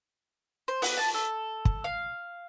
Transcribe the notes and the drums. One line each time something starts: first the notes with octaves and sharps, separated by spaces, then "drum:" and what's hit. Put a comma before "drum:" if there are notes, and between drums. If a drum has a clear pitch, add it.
C5
B3, drum: open hi-hat
A5
A4
drum: kick
F5